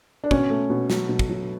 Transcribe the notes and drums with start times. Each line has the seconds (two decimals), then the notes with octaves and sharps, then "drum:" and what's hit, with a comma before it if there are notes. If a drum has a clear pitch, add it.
0.24 D4
0.31 B2 C#4, drum: kick
0.50 A3
0.70 B2
0.90 F#3, drum: snare
1.09 B2
1.19 drum: kick
1.30 F#3